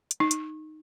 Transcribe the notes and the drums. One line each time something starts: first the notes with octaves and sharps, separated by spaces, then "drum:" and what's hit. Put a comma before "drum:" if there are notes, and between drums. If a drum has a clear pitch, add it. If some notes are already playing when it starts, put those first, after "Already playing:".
drum: hi-hat
D#4
drum: hi-hat